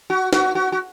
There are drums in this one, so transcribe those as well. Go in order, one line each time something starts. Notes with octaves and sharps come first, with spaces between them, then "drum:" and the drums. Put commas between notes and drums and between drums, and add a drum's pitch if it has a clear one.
F#4
F#4, drum: snare
F#4
F#4